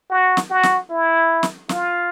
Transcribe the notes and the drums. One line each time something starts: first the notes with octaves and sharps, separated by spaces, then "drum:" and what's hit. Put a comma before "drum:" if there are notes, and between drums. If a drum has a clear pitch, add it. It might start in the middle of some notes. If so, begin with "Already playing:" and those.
F#4
drum: snare
F#4
drum: snare
E4
drum: snare
F4, drum: snare